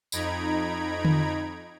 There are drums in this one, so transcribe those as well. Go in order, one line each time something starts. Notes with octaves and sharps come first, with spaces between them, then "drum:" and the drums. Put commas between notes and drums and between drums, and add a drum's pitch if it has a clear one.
F2 D#4 A#5 B5 G#6 D7, drum: tambourine
drum: tom D3